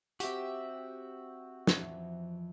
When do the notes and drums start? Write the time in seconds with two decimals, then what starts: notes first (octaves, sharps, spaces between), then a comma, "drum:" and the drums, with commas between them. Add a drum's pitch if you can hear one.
0.20 C4 F#4 G4 E5, drum: hi-hat
1.67 F2 E3 F3, drum: snare